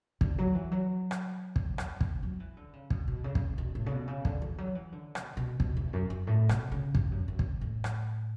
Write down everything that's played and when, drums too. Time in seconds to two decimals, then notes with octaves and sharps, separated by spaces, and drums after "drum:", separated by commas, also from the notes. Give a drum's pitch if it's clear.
0.21 D3, drum: kick
0.38 F#3
0.55 E3
0.71 F#3
1.11 drum: rim click
1.56 drum: kick
1.78 drum: rim click
2.01 drum: kick
2.23 F#3
2.40 E3
2.57 D3
2.73 C#3
2.90 B2, drum: kick
3.08 B2
3.24 C#3
3.35 drum: kick
3.58 B2
3.75 A2
3.86 C#3
3.92 B2
4.08 C#3
4.25 D3, drum: kick
4.42 E3
4.58 F#3
4.75 E3
4.92 D3
5.15 B2, drum: rim click
5.37 B2
5.60 B2, drum: kick
5.77 E2
5.93 F#2
6.10 F#2
6.27 A2
6.49 B2, drum: rim click
6.72 C#3
6.95 G2, drum: kick
7.12 F#2
7.28 F#2
7.39 drum: kick
7.61 A2
7.84 drum: rim click